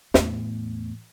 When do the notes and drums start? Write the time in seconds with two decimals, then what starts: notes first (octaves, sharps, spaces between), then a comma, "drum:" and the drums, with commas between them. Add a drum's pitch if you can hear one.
0.14 E2 A2, drum: snare